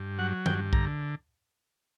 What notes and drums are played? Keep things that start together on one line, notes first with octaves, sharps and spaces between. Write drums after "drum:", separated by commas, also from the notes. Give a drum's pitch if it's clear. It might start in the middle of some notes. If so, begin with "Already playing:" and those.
Already playing: G2
F#3 F#5
G2 G5, drum: tom D#3
D3 A#5, drum: kick A#1